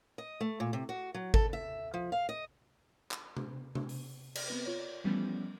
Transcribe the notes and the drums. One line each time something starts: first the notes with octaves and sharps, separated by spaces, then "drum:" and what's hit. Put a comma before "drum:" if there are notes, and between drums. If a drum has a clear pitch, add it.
D#5
A3
A#2
C3
F#4
F#3
A4, drum: kick G#1
E5
F3
F5
D#5
drum: clap
drum: tom
drum: tom
drum: open hi-hat
D5 F6, drum: cymbal
B3 C4 B4
F4 C#5 D5
E3 F3 G3 A3 B3 C#4